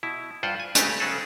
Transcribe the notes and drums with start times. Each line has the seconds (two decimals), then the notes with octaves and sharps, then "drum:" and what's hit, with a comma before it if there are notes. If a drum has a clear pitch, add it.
0.03 B2 E4
0.43 G2 F4 C5 F#5 G5
0.60 G#5
0.75 C#3 G#3 A3 G4 B4, drum: hi-hat
1.00 C#3 F#3 C4 C#4 G#4 A4